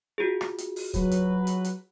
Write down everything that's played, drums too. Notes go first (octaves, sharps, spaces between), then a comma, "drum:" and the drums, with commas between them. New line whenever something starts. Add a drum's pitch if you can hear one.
F4 F#4 G#4
drum: rim click
drum: hi-hat
drum: open hi-hat
F#3 B4, drum: kick C#2, hi-hat
drum: hi-hat
drum: hi-hat
drum: hi-hat